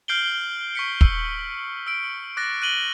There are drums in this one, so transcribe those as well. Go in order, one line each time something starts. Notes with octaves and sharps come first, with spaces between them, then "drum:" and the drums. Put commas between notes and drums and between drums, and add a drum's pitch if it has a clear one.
F6 G6 C7 D7 F#7 G7
C#6 B6 C#7
E6, drum: kick
E6 D7
D6 F#6 A6 A#6
F#6 D#7 F#7 G7